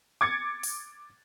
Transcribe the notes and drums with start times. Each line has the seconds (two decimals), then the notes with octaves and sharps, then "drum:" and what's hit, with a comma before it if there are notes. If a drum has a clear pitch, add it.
0.21 D6 G#6 A6 C#7
0.63 drum: open hi-hat